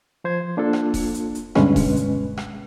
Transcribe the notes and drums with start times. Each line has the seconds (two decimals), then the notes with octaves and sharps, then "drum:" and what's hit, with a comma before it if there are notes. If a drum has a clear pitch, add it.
0.24 F3 C5 G#6
0.57 A#3 D4 F4 A4
0.73 drum: rim click
0.94 drum: kick D#1, open hi-hat
1.14 drum: hi-hat
1.35 drum: hi-hat
1.55 D2 G2 B2 G#3 C#4 B4, drum: rim click
1.76 drum: kick D#1, open hi-hat
1.96 drum: hi-hat
2.37 drum: rim click